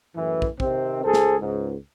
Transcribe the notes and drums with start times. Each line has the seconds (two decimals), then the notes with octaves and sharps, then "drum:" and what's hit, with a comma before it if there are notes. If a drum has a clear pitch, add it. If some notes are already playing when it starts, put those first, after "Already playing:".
0.15 F#2 A2 E3
0.42 drum: kick
0.60 C3 D#3 C4, drum: kick
1.04 C#2 G#4 A4 C5
1.13 drum: snare
1.40 C#2 G#2